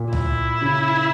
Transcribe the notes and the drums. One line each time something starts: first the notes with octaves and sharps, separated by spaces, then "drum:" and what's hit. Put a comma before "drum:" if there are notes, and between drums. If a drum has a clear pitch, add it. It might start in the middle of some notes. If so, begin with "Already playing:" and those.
Already playing: A#2
E4, drum: tom C#2
C#3